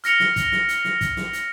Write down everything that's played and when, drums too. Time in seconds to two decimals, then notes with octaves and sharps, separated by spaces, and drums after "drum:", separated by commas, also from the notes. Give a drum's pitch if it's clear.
0.04 F6 A#6 C#7 F7, drum: hi-hat
0.20 drum: snare
0.36 drum: kick, hi-hat
0.52 drum: snare
0.68 drum: hi-hat
0.85 drum: snare
1.01 drum: kick, hi-hat
1.17 drum: snare
1.33 drum: hi-hat